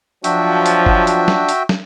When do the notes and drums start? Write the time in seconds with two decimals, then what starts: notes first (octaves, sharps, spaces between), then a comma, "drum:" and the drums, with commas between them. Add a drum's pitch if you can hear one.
0.24 F3 F#3 D4 F#4 E5 G5, drum: hi-hat
0.66 drum: hi-hat
0.86 drum: kick F#1
1.07 drum: hi-hat
1.28 drum: snare
1.49 drum: hi-hat
1.69 drum: snare